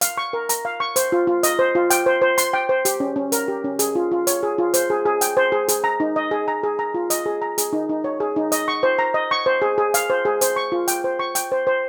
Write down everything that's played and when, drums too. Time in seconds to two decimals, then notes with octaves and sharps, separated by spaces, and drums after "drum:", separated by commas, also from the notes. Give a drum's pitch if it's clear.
0.01 F5, drum: hi-hat
0.17 C#6
0.33 A#4
0.49 A#5, drum: hi-hat
0.65 F5
0.80 C#6
0.96 C5, drum: hi-hat
1.12 F4
1.27 F4
1.43 D#5, drum: hi-hat
1.59 C5
1.75 F4
1.90 G5, drum: hi-hat
2.06 C5
2.22 C5
2.38 C6, drum: hi-hat
2.53 G5
2.69 C5
2.85 G4, drum: hi-hat
3.00 C#4
3.16 C#4
3.32 A#4, drum: hi-hat
3.48 G4
3.64 C#4
3.79 G#4, drum: hi-hat
3.95 F4
4.12 F4
4.27 C#5, drum: hi-hat
4.43 G#4
4.58 F4
4.74 C5, drum: hi-hat
4.90 G#4
5.05 G#4
5.21 G5, drum: hi-hat
5.37 C5
5.52 G#4
5.68 G#4, drum: hi-hat
5.84 A#5
6.00 D#4
6.16 D#5
6.31 G#4
6.48 A#5
6.63 G#4
6.79 A#5
6.94 F4
7.10 D#5, drum: hi-hat
7.26 G#4
7.42 A#5
7.58 G#4, drum: hi-hat
7.73 D#4
7.89 D#4
8.04 C#5
8.20 G#4
8.36 D#4
8.52 D#5, drum: hi-hat
8.68 C#6
8.83 C5
8.99 A#5
9.14 D#5
9.31 C#6
9.46 C5
9.62 G#4
9.78 G#4
9.94 F5, drum: hi-hat
10.10 C5
10.25 G#4
10.41 C5, drum: hi-hat
10.56 C#6
10.72 F4
10.88 G5, drum: hi-hat
11.04 C5
11.19 C#6
11.35 G5, drum: hi-hat
11.52 C5
11.67 C5